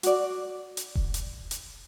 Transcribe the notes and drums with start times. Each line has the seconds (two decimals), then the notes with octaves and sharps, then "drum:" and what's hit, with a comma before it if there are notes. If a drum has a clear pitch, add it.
0.03 F#4 D5, drum: hi-hat
0.77 drum: hi-hat
0.95 drum: kick E1
1.14 drum: hi-hat
1.51 drum: hi-hat